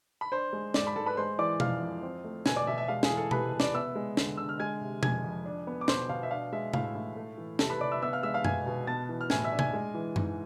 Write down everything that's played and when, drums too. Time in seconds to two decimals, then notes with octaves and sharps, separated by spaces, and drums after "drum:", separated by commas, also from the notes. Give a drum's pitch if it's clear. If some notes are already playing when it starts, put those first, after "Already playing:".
0.21 B5
0.32 D4 C5 C6
0.53 G#3
0.74 G#2 D5 D6, drum: snare
0.87 B5
0.96 G#2 A4 A5
1.06 B4 B5
1.17 G#3 C5 C6
1.39 E3 D5 D6
1.60 F2 F5 F6, drum: tom B2
1.81 F2
2.03 C4
2.24 A3
2.46 B2 G#5 G#6, drum: snare
2.56 D5 D6
2.67 B2 E5
2.78 E5
2.88 G#3 F5
3.03 G#4 G#5, drum: snare
3.10 E3
3.17 A4 A5
3.31 C3 B4 B5, drum: tom B2
3.53 C3
3.60 D5 D6, drum: snare
3.74 B3 E5 E6
3.95 G#3
4.17 D3, drum: snare
4.37 D3 E6
4.49 F6
4.60 G#3 G#5 G#6
4.81 C3
5.03 F2 G#5 G#6, drum: tom B2
5.24 F2
5.46 D4
5.67 B3
5.81 D6
5.88 B2 C5 C6, drum: snare
6.09 B2 F5
6.23 E5
6.31 D4 F5
6.53 G#3 E5
6.74 A2 F5, drum: tom C3
6.95 A2
7.16 A3
7.38 E3
7.59 C3 A4 A5, drum: snare
7.70 B4 B5
7.81 C3 D5 D6
7.92 E5 E6
8.02 B3 E5 E6
8.13 F5 F6
8.23 G#3 E5 E6
8.34 F5 F6
8.45 B2 G#5 G#6, drum: tom F#2
8.66 B2
8.87 B3 A5 A6
9.09 E3
9.21 F6
9.30 A2 G#5 G#6, drum: snare
9.44 E5 E6
9.52 D4
9.59 G#5 G#6, drum: tom C3
9.73 G#3
9.94 E3
10.16 G#2, drum: tom F#2